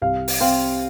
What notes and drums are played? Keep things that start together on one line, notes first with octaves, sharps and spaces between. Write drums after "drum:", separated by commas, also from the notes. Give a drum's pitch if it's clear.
C2 F5
drum: open hi-hat
C4 F5